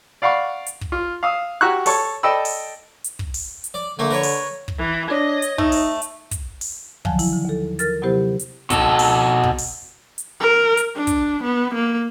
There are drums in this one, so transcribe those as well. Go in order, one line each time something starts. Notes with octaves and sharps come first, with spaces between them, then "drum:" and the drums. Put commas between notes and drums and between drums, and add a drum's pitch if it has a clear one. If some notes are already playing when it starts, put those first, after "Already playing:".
D5 F5 F#5 B5 C#6
drum: hi-hat
drum: kick
F4
F5 D#6 E6
F#4 G4 A#5 C#6 E6 F#6
A4 C#5 A5 C#6, drum: open hi-hat
A4 D5 D#5 G5 B5 E6
drum: open hi-hat
drum: hi-hat
drum: kick
drum: open hi-hat
drum: hi-hat
D5
D3 A3 A#3
A#4 B4 C#5
drum: open hi-hat
drum: kick
E3
D4 C#5 D#5
drum: hi-hat
A3 D#4, drum: kick
drum: open hi-hat
drum: hi-hat
drum: kick, hi-hat
drum: open hi-hat
D3 D#3 F3 F#3 G#5 A5, drum: kick
E4, drum: open hi-hat
D3
D#2 A4
A#4 F6 A6, drum: hi-hat
C3 F#3 B3 E4 G4 C5
drum: hi-hat
B2 A4, drum: kick, hi-hat
drum: open hi-hat
drum: kick
drum: open hi-hat
drum: hi-hat
A#4
drum: hi-hat
D4
drum: kick, hi-hat
B3
A#3